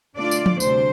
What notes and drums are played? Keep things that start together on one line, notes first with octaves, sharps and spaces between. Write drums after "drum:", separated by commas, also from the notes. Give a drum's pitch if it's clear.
D3 A3 D4 F4 D5
drum: tambourine
drum: tom
D2 C3 G3 D4 C5, drum: tambourine